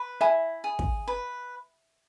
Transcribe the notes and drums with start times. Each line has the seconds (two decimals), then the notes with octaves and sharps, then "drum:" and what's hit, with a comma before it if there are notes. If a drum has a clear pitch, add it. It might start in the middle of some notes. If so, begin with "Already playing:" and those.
Already playing: B4
0.21 E4 E5 G#5
0.64 G#4
0.79 drum: kick
1.08 B4